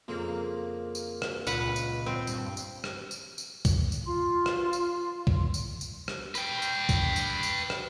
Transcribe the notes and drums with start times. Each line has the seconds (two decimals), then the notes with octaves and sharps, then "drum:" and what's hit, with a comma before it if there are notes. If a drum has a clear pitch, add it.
0.08 F2 C#3 A#3 C4
0.95 drum: tambourine
1.22 drum: rim click
1.47 C#2 A#2 B4 F#5, drum: tambourine
1.76 drum: tambourine
2.06 C4
2.27 G2, drum: tambourine
2.57 drum: tambourine
2.84 drum: rim click
3.11 drum: tambourine
3.38 drum: tambourine
3.65 drum: kick, tambourine
3.92 drum: tambourine
4.06 F4 C6
4.46 drum: rim click
4.73 drum: tambourine
5.27 drum: kick
5.54 drum: tambourine
5.81 drum: tambourine
6.08 drum: rim click
6.35 B4 G5, drum: tambourine
6.62 drum: tambourine
6.89 drum: kick, tambourine
7.16 drum: tambourine
7.43 drum: tambourine
7.70 drum: rim click